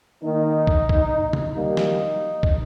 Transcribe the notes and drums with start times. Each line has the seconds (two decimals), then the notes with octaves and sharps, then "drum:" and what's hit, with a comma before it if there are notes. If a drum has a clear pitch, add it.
0.23 D#3 A#3 D#4
0.67 drum: kick
0.89 drum: kick
1.33 drum: tom
1.55 D#3 G3 A#3 D#4
1.77 drum: snare
2.43 drum: kick